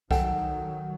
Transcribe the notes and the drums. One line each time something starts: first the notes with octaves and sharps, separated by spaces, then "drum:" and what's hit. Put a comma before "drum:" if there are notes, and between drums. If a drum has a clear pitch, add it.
D#3 F#3 A4 F#5 G5, drum: kick B1